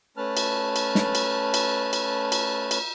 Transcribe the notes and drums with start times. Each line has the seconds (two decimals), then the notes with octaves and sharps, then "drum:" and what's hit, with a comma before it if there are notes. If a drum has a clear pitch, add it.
0.17 A3 C#4 B4 A5 F6
0.37 drum: cymbal
0.76 drum: cymbal
0.95 drum: snare
1.15 drum: cymbal
1.54 drum: cymbal
1.93 drum: cymbal
2.32 drum: cymbal
2.71 drum: cymbal